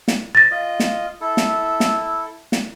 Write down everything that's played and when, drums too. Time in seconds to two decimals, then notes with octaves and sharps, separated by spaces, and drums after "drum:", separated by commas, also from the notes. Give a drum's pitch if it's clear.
0.08 drum: snare
0.35 A6 A#6
0.51 F4 D#5
0.80 drum: snare
1.21 E4 A4
1.37 drum: snare
1.80 drum: snare
2.52 drum: snare